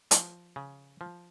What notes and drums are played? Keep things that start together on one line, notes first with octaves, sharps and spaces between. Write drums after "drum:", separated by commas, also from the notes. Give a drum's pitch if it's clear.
F3, drum: hi-hat
C#3
F3